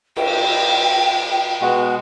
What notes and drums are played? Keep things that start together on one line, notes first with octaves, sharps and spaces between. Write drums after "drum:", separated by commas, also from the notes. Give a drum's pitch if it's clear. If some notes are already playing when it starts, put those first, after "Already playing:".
G5, drum: cymbal
B2 G#3 F#4